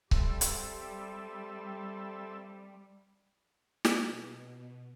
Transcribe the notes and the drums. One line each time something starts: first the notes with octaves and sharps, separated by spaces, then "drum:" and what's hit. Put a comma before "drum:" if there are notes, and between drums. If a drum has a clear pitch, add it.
G3 C4 A4 E5, drum: kick C#1
drum: hi-hat
B2, drum: snare